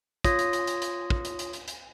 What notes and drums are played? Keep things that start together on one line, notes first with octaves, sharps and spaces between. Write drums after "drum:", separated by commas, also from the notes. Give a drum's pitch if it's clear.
F4 C#5 D#6 A#6, drum: kick, hi-hat
drum: hi-hat
drum: hi-hat
drum: hi-hat
drum: hi-hat
drum: kick
drum: hi-hat
drum: hi-hat
drum: hi-hat
drum: hi-hat